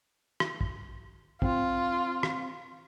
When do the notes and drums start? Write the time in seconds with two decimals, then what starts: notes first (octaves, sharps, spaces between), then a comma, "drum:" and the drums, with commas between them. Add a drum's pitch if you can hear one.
0.40 drum: rim click
0.61 drum: kick
1.42 C4 F4, drum: kick
2.23 drum: rim click